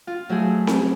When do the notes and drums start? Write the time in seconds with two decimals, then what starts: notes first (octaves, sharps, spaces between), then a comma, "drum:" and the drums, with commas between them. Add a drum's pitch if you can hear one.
0.07 F4
0.29 F#3 A3 E4 G#4
0.67 drum: snare C4